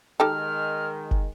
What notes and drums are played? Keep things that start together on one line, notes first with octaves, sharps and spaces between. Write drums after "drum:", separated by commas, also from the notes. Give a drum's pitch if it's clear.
D#3 G#3 D#4 G4 A4 F6
drum: kick F#1